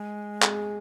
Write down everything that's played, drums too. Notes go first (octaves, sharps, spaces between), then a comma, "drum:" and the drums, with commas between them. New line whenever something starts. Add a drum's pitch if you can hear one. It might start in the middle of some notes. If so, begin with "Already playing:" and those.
Already playing: G#3
G#4, drum: clap